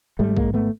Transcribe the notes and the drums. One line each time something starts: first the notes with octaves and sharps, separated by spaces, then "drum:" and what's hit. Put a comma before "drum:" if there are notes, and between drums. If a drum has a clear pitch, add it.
G#1 G#2 G3 A3
G#3 A#3, drum: kick
A3 B3